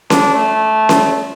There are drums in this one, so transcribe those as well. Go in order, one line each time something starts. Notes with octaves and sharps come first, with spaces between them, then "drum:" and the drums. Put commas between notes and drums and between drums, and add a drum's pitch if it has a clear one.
D4, drum: snare C#4
A3
drum: snare C#4